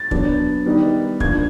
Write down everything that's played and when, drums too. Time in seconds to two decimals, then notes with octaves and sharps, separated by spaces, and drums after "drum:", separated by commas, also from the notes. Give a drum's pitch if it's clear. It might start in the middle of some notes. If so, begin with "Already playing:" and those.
Already playing: A6
0.11 F#3 B3 D4, drum: kick
0.65 D#3 G3 B3 D#4
1.20 F3 A#3 D4 G#6, drum: kick